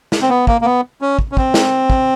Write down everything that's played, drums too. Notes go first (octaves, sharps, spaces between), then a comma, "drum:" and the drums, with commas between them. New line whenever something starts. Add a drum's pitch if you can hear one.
drum: snare
C4
B3
A#3, drum: kick
A#3
B3
C#4
drum: kick
C#4
C4, drum: kick
drum: snare
drum: kick